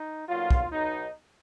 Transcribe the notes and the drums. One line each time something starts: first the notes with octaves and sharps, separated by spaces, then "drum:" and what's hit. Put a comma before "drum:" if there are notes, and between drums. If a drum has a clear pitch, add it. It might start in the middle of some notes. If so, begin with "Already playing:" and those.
Already playing: D#4
B1 A#2 F#3 F4
drum: kick
B1 B2 F#3 D#4